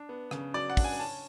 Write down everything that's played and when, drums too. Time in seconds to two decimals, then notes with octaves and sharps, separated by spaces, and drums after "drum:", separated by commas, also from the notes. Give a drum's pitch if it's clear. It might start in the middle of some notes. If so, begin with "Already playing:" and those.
Already playing: D4
0.09 B3
0.31 C#3, drum: rim click
0.54 F#3 D5
0.70 F#5
0.77 D4, drum: kick, open hi-hat
0.84 G#5
1.00 C#4 A5